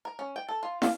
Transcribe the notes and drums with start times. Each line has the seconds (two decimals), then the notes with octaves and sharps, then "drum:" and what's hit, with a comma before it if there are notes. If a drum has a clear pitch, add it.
0.05 A#4
0.19 C#4
0.36 G5
0.49 A4
0.63 F4
0.82 F5, drum: snare